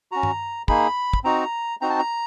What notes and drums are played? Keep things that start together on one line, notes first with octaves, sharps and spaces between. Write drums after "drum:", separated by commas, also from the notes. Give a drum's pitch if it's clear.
C#4 F#4 A#5
drum: tom G2
A#3 D#4 G#4 B5, drum: kick
drum: kick
C4 D#4 F#4 A#5
C4 D#4 F#4 A#5
A5
A#5